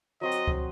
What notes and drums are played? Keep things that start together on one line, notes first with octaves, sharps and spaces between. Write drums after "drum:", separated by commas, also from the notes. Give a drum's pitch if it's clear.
F#3 C4 F#4 C5 D#5
drum: hi-hat
drum: kick C#2